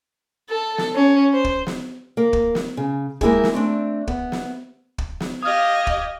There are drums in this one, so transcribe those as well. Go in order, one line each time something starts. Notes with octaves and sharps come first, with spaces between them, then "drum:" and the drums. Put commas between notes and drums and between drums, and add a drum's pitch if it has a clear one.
A4
drum: snare
C#4
C5
drum: kick
drum: snare
A#3
drum: kick
drum: snare
C#3
G#3 A#3 E4 G4 G#4, drum: kick
drum: snare
A3 C4 D4
B3, drum: kick
drum: snare
drum: kick
drum: snare
G4 D#5 F5 D#6 F6 G#6
drum: kick